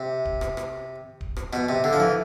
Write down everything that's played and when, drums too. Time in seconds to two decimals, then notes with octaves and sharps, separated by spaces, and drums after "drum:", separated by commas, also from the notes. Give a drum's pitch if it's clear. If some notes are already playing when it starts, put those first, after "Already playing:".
Already playing: C3
0.25 drum: kick D1
0.41 drum: rim click
0.57 drum: rim click
1.21 drum: kick D1
1.36 drum: rim click
1.53 B2, drum: rim click
1.69 C3
1.84 D3
1.93 F3
2.00 E3